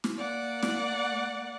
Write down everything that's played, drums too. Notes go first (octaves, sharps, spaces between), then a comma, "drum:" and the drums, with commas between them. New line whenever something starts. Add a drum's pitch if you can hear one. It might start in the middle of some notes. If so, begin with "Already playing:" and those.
drum: snare
A#3 D5 F#5
drum: snare